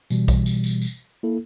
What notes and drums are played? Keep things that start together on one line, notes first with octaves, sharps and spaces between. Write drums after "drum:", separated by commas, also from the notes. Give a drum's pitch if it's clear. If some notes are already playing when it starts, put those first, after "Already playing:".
B2 E3 G3, drum: tambourine
drum: kick B1, tambourine
drum: tambourine
drum: tambourine
drum: tambourine
A#3 E4 A4